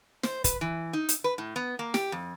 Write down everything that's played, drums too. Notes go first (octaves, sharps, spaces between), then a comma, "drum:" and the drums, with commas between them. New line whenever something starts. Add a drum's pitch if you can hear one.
C5, drum: snare
B4, drum: kick, hi-hat
E3
D#4
drum: hi-hat
B4
A2
B3
A#3
G4, drum: snare
F2